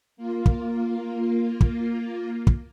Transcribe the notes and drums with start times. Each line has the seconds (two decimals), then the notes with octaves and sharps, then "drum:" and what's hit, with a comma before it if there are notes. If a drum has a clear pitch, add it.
0.17 A#3 F4
0.46 drum: kick
1.61 drum: kick
2.47 drum: kick